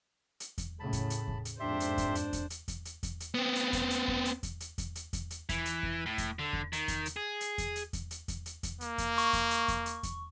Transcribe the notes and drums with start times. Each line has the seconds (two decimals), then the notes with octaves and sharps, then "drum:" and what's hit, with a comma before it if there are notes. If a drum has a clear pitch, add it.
0.40 drum: hi-hat
0.58 drum: kick E2, hi-hat
0.80 A2 C#3 A5 B5
0.93 drum: kick E2, hi-hat
1.10 drum: hi-hat
1.28 drum: kick E2
1.45 drum: hi-hat
1.60 F2 G#2 D4 G4 C5 E5 C6
1.80 drum: hi-hat
1.98 drum: kick E2, hi-hat
2.15 drum: hi-hat
2.33 drum: kick E2, hi-hat
2.50 drum: hi-hat
2.68 drum: kick E2, hi-hat
2.85 drum: hi-hat
3.03 drum: kick E2, hi-hat
3.20 drum: hi-hat
3.35 B3 C4
3.55 drum: hi-hat
3.73 drum: kick E2, hi-hat
3.90 drum: hi-hat
4.08 drum: kick E2
4.25 drum: hi-hat
4.43 drum: kick E2, hi-hat
4.60 drum: hi-hat
4.78 drum: kick E2, hi-hat
4.95 drum: hi-hat
5.13 drum: kick E2, hi-hat
5.30 drum: hi-hat
5.49 E3, drum: kick E2, hi-hat
5.65 drum: hi-hat
5.83 drum: kick E2
6.06 A2
6.18 drum: kick E2, hi-hat
6.39 D3
6.53 drum: kick E2
6.73 D#3, drum: hi-hat
6.88 drum: kick E2, hi-hat
7.06 drum: hi-hat
7.16 G#4
7.41 drum: hi-hat
7.58 drum: kick E2, hi-hat
7.76 drum: hi-hat
7.93 drum: kick E2, hi-hat
8.11 drum: hi-hat
8.28 drum: kick E2, hi-hat
8.46 drum: hi-hat
8.63 drum: kick E2, hi-hat
8.81 A#3, drum: hi-hat
8.98 drum: kick E2, hi-hat
9.18 C#6, drum: hi-hat
9.33 drum: kick E2, hi-hat
9.51 drum: hi-hat
9.68 drum: kick E2, hi-hat
9.86 drum: hi-hat
10.03 drum: kick E2, hi-hat